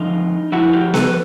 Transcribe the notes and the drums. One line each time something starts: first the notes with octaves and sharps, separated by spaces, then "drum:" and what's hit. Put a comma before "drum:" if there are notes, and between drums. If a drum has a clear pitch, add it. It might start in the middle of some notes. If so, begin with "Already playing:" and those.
Already playing: F2 D3 F3 D#4 F4
F2 D3 F3 E4 F#4
F4 G4
A4 B4, drum: snare B3